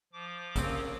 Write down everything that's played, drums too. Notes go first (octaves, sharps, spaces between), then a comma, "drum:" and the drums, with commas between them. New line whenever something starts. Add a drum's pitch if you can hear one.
F3 D6
C#3 F#3 A#3 C4, drum: kick, hi-hat